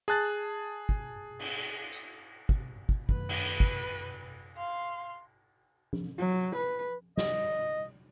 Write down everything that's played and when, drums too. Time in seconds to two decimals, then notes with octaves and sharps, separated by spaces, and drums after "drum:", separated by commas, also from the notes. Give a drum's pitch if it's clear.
0.08 G#4 A5 F#6 A6
0.89 drum: kick
1.39 drum: cymbal
1.93 drum: tambourine
2.49 drum: kick
2.89 drum: kick
3.09 F#2 D#3 A3 B4, drum: kick
3.29 drum: cymbal
3.60 drum: kick
4.57 F5 C6
5.93 drum: tom F3
6.18 F#3
6.56 B4
7.17 D#5, drum: snare